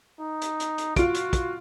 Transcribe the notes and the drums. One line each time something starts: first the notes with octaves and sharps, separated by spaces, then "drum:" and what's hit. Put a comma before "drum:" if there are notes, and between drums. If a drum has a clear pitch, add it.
D#4
drum: hi-hat
drum: hi-hat
drum: hi-hat
F4 F#4 D7, drum: kick, hi-hat
drum: hi-hat
drum: kick, hi-hat